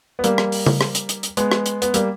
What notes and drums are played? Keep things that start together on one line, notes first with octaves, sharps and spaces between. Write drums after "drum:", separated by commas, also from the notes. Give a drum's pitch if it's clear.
B3
G3 A#3, drum: hi-hat
drum: rim click
drum: open hi-hat
drum: tom C#3
drum: rim click
drum: hi-hat
drum: hi-hat
drum: hi-hat
G#3 B3, drum: hi-hat
drum: rim click
drum: hi-hat
B3, drum: hi-hat
G3 A#3, drum: hi-hat